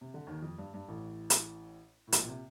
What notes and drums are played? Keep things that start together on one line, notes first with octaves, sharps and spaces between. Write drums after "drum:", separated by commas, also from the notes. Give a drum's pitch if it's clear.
C3
D3
D#2 D#3
F2
G2
G2
A1 A2
drum: hi-hat
A2
A#1 A#2, drum: hi-hat
A#2
C3